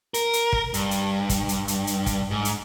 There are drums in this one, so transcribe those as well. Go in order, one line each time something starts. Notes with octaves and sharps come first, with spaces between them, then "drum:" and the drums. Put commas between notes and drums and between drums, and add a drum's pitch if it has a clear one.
A#4, drum: hi-hat
drum: hi-hat
drum: kick
G2, drum: hi-hat
drum: hi-hat
drum: kick, hi-hat
drum: hi-hat
drum: hi-hat
drum: hi-hat
drum: kick, hi-hat
G#2
drum: hi-hat